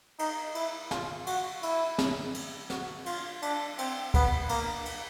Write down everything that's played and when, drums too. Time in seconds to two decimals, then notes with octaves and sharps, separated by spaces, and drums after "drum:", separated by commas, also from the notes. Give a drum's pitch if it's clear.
0.19 D#4, drum: cymbal
0.55 E4, drum: cymbal
0.91 F4, drum: snare
1.27 F#4, drum: cymbal
1.63 E4, drum: cymbal
1.98 drum: snare
2.34 drum: cymbal
2.70 F#4, drum: snare
3.06 F4, drum: cymbal
3.42 D4, drum: cymbal
3.78 C4, drum: cymbal
4.14 B3, drum: kick, cymbal
4.49 A#3, drum: cymbal
4.86 drum: cymbal